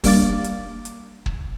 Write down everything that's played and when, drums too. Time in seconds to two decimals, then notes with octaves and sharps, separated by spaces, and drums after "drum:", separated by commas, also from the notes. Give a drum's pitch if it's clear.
0.04 G3 A#3 D4 F5 D6 A6, drum: kick, open hi-hat
0.44 drum: hi-hat
0.85 drum: hi-hat
1.26 drum: kick